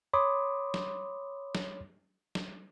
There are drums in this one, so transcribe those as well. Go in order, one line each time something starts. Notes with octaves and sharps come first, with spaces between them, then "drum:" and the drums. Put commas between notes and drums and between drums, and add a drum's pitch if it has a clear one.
C#5 B5 C6 D6 D#6
drum: snare
drum: snare
drum: snare